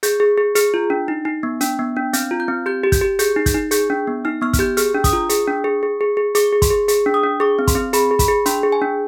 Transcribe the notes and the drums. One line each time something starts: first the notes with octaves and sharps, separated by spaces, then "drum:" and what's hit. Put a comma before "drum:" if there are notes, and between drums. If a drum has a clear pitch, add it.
G#4 G6, drum: hi-hat
G#4
G#4
G#4 F6, drum: hi-hat
F4
D4
D#4
D#4
B3
D4, drum: hi-hat
B3
D4
C4 G6, drum: hi-hat
F4
G6
C4
G4 G6
G4
G6, drum: kick, hi-hat
G4
G#4 G6, drum: hi-hat
D#4
G6, drum: kick, hi-hat
D#4
G#4 G6, drum: hi-hat
D4
B3
D#4 F6
B3 F6
F6, drum: kick, hi-hat
G4 G6
G#4 F6, drum: hi-hat
D4
D#6, drum: kick, hi-hat
F4
G#4, drum: hi-hat
D4
G#4
G#4
G#4
G#4
G#4 D6, drum: hi-hat
G#4
C6, drum: kick, hi-hat
G#4
G#4, drum: hi-hat
D4
D#6
D4
G#4 D6
C4
C6, drum: kick, hi-hat
C4
G#4 B5, drum: hi-hat
G#4
B5, drum: kick, hi-hat
G#4
D4 C6, drum: hi-hat
G#4
G#5
D4